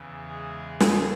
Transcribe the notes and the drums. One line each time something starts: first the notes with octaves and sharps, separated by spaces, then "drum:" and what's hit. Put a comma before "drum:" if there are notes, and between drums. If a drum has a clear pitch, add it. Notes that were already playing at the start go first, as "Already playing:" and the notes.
Already playing: E2 C#3 E3
G#3 G#4
G#3 G#4, drum: snare